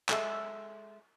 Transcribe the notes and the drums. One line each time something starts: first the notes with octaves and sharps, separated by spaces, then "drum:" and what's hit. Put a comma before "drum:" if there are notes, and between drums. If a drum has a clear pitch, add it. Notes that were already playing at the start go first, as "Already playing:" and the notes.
G#3 A4 E5, drum: clap